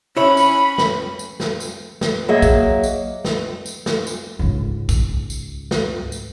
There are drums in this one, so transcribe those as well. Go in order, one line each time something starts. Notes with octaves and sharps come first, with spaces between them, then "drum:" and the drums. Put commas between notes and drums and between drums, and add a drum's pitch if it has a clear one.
C#4 E4 C#5 B5
drum: tambourine
drum: snare
drum: tambourine
drum: snare
drum: tambourine
drum: snare
F#3 A#3 G#4 D#5 E5
drum: kick, tambourine
drum: tambourine
drum: snare
drum: tambourine
drum: snare
drum: tambourine
C#2 G#2
drum: kick, tambourine
drum: tambourine
drum: snare
drum: tambourine